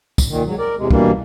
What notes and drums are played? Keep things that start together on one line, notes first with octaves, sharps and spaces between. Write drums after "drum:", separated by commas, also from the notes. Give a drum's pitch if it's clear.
drum: kick, tambourine
A#2 D#3
G#2 F#3
A#4 D5
E2 C3 G#3
B2 E3 G3 A#3 D4, drum: kick